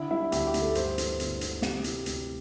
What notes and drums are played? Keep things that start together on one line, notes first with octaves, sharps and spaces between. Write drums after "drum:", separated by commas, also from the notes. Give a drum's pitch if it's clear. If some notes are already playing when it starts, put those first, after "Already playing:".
Already playing: D3 E4
G3 E4
D2 G4, drum: hi-hat
G4
D2, drum: hi-hat
A4
G2 C5, drum: hi-hat
E3, drum: hi-hat
G1, drum: hi-hat
G3, drum: hi-hat
C3 G4, drum: snare
E3, drum: hi-hat
D2, drum: hi-hat